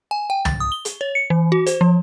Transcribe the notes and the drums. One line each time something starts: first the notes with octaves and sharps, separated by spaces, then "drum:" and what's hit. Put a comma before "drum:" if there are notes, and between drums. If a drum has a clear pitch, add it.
G#5
G5
A6, drum: tom
D#6
G7
drum: hi-hat
C#5
C#7
E3
F#4
C5, drum: hi-hat
F3